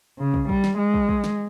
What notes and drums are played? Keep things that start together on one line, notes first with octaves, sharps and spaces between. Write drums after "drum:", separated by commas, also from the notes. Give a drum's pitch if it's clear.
C#3
drum: kick
G3, drum: kick
drum: snare
G#3
drum: kick
drum: kick
drum: snare